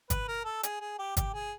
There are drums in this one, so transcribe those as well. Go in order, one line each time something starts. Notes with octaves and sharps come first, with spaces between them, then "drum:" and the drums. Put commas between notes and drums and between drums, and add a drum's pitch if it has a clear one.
B4, drum: kick, hi-hat
A#4
A4
G#4, drum: hi-hat
G#4
G4
G4, drum: kick, hi-hat
G#4